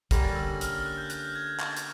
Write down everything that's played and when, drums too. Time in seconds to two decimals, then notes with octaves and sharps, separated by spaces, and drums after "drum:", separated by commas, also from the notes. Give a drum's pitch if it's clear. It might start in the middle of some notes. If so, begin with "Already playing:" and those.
0.11 D3 G3 A#3 C#4 A#6, drum: kick, hi-hat
0.24 A6
0.35 E6
0.48 E6
0.61 F6, drum: hi-hat
0.73 F6
0.86 F#6
0.98 G6
1.10 F#6, drum: hi-hat
1.22 G6
1.36 G#6
1.47 G#6
1.60 A6, drum: clap
1.76 drum: hi-hat